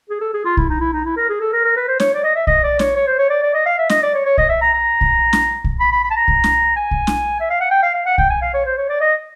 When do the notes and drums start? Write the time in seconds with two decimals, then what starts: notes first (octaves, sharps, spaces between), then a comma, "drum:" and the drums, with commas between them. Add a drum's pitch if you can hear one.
0.09 G#4
0.21 A4
0.33 G#4
0.45 F4
0.57 E4, drum: kick
0.70 D#4
0.80 E4
0.93 D#4
1.05 E4
1.17 A#4
1.29 G#4
1.41 A4
1.53 A#4
1.64 A#4
1.77 B4
1.88 C5
2.00 C#5, drum: snare
2.14 D5
2.24 D#5
2.35 E5
2.47 D#5, drum: kick
2.63 D5
2.79 C#5, drum: snare
2.96 C#5
3.07 C5
3.18 C#5
3.30 D5
3.43 D5
3.54 D#5
3.66 F5
3.78 E5
3.90 D#5, drum: snare
4.03 D5
4.14 C#5
4.26 C#5
4.38 D#5, drum: kick
4.49 E5
4.61 A#5
4.73 A#5
5.01 drum: kick
5.33 drum: snare
5.64 drum: kick
5.80 B5
5.92 B5
6.04 B5
6.11 A5
6.16 A#5
6.28 drum: kick
6.44 drum: snare
6.76 G#5
6.91 drum: kick
7.07 drum: snare
7.40 E5
7.50 F5
7.60 F#5
7.71 G5
7.83 F5
7.94 F5
8.06 F#5
8.18 G5, drum: kick
8.30 G#5
8.42 F5
8.54 C#5
8.66 C5
8.78 C#5
8.89 D5
9.01 D#5